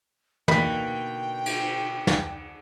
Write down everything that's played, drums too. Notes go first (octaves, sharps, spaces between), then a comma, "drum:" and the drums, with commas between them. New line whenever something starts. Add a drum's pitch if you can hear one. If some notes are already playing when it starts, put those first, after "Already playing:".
B2 D3 A#3 D#4 G5 B5, drum: tom
drum: cymbal
drum: snare